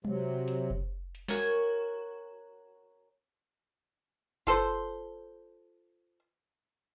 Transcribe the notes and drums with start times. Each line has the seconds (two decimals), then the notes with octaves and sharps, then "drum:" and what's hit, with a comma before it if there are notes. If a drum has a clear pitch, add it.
0.05 C3 F#3, drum: tom G3
0.48 drum: hi-hat
0.70 drum: kick F#1
1.15 drum: hi-hat
1.28 F#4 A#4 C#5 G#5, drum: snare
4.47 F4 A4 C5, drum: kick F#1